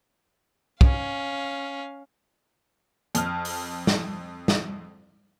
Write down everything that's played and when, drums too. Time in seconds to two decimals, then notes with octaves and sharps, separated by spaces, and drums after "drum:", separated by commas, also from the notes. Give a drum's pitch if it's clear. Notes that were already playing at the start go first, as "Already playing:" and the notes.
0.81 C#4 F5, drum: kick
3.15 F2 F6, drum: hi-hat
3.45 drum: open hi-hat
3.87 drum: snare
4.48 drum: snare